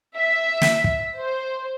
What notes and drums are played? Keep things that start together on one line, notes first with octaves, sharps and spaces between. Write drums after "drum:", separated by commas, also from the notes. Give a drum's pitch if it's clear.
E5
drum: snare
drum: kick
C5